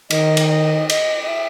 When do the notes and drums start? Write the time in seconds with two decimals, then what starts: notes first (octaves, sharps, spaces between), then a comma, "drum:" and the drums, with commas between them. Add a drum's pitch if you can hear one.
0.10 D#3 D#5, drum: cymbal
0.37 drum: cymbal
0.49 D#5
0.89 D#5, drum: cymbal
1.23 D#5
1.28 E5